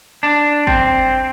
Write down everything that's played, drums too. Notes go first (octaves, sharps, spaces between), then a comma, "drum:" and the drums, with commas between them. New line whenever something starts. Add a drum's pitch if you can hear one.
D4
C4, drum: kick